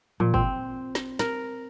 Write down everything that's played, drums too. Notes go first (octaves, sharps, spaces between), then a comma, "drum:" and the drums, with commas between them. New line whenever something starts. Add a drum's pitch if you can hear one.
A#2, drum: tom E3
C4, drum: kick
drum: snare
A#4, drum: snare